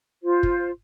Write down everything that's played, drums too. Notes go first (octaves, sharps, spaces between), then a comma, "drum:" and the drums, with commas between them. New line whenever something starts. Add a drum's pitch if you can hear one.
F4 C5
drum: kick